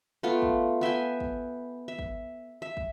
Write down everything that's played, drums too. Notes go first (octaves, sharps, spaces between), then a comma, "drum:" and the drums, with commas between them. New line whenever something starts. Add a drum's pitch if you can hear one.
A3 B3 F4
drum: kick
B3 E5 G5 G#5
drum: kick
E5
drum: kick
E5
drum: kick